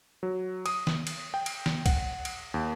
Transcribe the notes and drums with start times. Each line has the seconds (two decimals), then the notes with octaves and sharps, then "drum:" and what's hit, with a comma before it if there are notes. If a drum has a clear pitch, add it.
0.23 F#3
0.66 D#6, drum: cymbal
0.87 drum: snare
1.07 drum: cymbal
1.34 G5
1.46 drum: cymbal
1.66 drum: snare
1.86 F#5, drum: kick A#1, cymbal
2.25 drum: cymbal
2.54 D#2